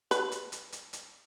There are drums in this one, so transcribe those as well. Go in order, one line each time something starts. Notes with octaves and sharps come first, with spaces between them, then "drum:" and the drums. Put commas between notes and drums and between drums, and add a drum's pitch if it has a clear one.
B4, drum: hi-hat
drum: hi-hat
drum: hi-hat
drum: hi-hat
drum: hi-hat